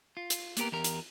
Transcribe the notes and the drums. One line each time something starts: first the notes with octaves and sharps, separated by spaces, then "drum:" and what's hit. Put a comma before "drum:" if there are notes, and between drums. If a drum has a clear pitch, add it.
F4
drum: hi-hat
A#3 B3 F4 G4 A#4, drum: hi-hat
E2 G4 A#4
drum: hi-hat